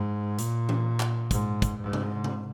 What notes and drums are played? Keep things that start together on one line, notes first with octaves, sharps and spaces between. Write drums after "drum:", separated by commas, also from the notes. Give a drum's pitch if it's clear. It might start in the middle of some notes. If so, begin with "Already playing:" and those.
Already playing: G#2
A#2, drum: hi-hat
drum: tom E3
drum: clap
G#2, drum: kick, hi-hat
drum: kick, hi-hat
G#2
drum: tom C3
drum: tom C3